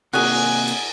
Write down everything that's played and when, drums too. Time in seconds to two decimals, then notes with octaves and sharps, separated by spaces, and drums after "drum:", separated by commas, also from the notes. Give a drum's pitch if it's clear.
0.13 C3 A#3 F#4 G#4 G#5 F#6, drum: cymbal
0.68 drum: hi-hat